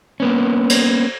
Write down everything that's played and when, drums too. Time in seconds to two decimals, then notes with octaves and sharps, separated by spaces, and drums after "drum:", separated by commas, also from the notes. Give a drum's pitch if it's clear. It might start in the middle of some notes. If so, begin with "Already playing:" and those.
0.20 A#3 B3 C#4
0.70 drum: cymbal